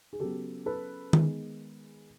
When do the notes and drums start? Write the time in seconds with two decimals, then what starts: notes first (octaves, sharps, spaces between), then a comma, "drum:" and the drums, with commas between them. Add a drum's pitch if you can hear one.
0.13 G#4
0.20 C#3 F#3 B3 G4 A4
0.66 A4 B4
1.13 D#3 G#3 B3, drum: tom D#3